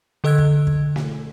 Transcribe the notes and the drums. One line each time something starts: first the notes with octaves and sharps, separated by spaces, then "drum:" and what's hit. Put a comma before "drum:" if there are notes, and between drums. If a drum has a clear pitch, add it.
D3 A4 D#5 E6 F#6 G#6
drum: kick
drum: kick
drum: snare